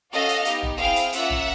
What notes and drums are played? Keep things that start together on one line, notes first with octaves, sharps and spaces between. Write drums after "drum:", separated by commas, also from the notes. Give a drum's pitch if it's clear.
C#4 F#4 A4 D#5 F5
drum: hi-hat
B3 D#4 G4, drum: hi-hat
drum: tom
C4 E4 G#4 F5 G5
drum: hi-hat
A#3 C#4 F4 E5 F#5, drum: hi-hat
drum: tom